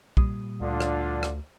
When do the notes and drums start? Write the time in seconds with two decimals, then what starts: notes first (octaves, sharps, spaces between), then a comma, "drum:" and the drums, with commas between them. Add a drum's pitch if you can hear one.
0.17 A#2 G3 D#6, drum: kick
0.61 D2 D3 D4 F4
0.81 drum: rim click
1.23 drum: rim click